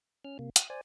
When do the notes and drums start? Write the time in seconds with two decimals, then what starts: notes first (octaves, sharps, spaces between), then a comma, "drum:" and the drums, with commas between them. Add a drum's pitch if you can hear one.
0.25 C#4 F6
0.39 C3 A#3
0.56 D#6 E6, drum: hi-hat
0.70 C5 D5 G#5